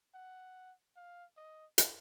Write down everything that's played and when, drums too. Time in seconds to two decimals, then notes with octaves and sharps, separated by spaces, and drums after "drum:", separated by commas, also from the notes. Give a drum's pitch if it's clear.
0.15 F#5
0.96 F5
1.37 D#5
1.78 drum: hi-hat